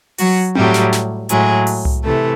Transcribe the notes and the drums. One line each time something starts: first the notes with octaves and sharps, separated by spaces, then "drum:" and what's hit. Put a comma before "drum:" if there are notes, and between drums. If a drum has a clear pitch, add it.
F#3 F#4, drum: open hi-hat
A2 F#3 G3 G4, drum: tom C4
drum: snare
drum: snare
A2 F#3 G#3 G#4, drum: hi-hat
drum: open hi-hat
drum: tom C2
C3 E3 A3 A4